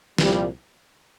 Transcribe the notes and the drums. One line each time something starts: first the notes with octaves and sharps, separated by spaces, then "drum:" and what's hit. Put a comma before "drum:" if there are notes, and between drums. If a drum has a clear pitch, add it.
C2 A#2 F3 G3, drum: snare